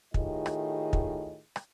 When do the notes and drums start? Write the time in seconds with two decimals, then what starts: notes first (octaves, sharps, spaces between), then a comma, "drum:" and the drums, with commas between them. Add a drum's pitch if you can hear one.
0.14 A2 D#3 F4 G4 G#4 D#5, drum: kick
0.46 drum: rim click
0.93 drum: kick
1.56 drum: rim click